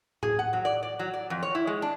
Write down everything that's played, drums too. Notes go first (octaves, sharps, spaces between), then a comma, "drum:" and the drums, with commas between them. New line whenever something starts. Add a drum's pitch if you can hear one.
G#4, drum: tom A2
F#5
F#3
D5
D5
F#3
D5
F2
C#5
E4
G#3
D4